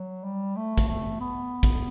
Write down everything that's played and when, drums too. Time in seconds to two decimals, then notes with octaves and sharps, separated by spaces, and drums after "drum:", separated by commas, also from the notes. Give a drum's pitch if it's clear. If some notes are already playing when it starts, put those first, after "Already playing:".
Already playing: F#3
0.24 G3
0.56 A3
0.78 drum: kick, hi-hat
0.88 A3
1.20 B3
1.63 drum: kick, hi-hat